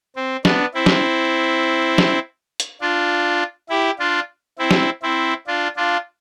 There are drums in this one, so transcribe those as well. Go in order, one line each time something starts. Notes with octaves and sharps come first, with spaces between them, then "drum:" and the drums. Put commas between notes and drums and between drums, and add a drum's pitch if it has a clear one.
C4
B3 D4, drum: snare
C4 E4
drum: snare
drum: snare
drum: hi-hat
D4 F4
E4 G4
D4 F4
C4 E4
drum: snare
C4 E4
D4 F4
D4 F4